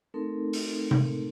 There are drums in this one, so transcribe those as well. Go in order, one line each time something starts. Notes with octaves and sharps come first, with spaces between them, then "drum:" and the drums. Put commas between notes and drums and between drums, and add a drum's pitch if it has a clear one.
A3 C4 D#4 A4 A#4
drum: open hi-hat
drum: tom C3